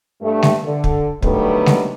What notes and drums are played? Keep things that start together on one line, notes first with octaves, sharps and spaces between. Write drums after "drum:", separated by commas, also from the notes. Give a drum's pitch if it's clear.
G2 A3
drum: snare
D3
drum: kick
D3 D#3 F#3 G3 A3 B3, drum: kick
drum: snare